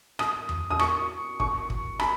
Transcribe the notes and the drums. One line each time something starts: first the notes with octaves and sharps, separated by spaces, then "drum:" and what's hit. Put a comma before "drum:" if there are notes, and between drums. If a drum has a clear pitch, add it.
D#6, drum: rim click
drum: tom E2
D#6
C#6, drum: rim click
C#6, drum: kick
drum: kick
B5, drum: rim click